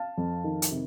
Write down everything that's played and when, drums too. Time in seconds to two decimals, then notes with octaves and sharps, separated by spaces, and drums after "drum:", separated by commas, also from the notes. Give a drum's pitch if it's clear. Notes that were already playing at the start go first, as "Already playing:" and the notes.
Already playing: F5 A5
0.18 F2
0.44 D#3
0.62 drum: hi-hat
0.71 C3